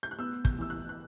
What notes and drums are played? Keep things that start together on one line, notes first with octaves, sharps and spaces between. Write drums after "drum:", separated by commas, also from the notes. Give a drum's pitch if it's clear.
G6
F#6
B3 E6
G6, drum: kick
E3 E6
F#6
F#6